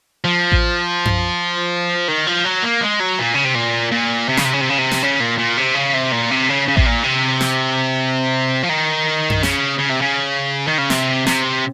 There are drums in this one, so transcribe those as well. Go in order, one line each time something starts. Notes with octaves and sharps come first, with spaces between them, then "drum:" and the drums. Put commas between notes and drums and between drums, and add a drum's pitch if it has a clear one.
F3
drum: kick A1
drum: tom F#2
D#3
F3
F#3
A#3
G#3
F#3
A#2
C#3
C3
A#2
A#2
C3
C#3, drum: snare
C3
C#3
C3
C#3
C3
drum: snare
C#3
A#2
A#2
C3
C#3
C3
A#2
C3
C#3
C#3
C3, drum: kick A1
A#2
C3
drum: snare
F3
D#3
drum: tom F#2
C#3, drum: snare
C#3
C3
C#3
D#3
C#3
C3, drum: snare
C3, drum: snare